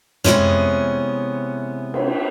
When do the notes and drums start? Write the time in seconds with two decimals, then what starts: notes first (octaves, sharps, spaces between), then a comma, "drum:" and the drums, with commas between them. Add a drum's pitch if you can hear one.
0.24 C3 E3 F3 G#3 B3 C#4, drum: tom
1.94 drum: cymbal